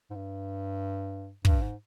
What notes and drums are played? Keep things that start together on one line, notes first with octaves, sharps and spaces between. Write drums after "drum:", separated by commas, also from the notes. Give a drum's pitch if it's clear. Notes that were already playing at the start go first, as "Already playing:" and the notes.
G#2
G2
G2, drum: kick
G#2